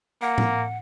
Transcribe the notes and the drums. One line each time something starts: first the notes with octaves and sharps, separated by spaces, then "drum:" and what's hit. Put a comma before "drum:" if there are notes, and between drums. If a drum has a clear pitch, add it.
A#3 F#5
drum: tom A2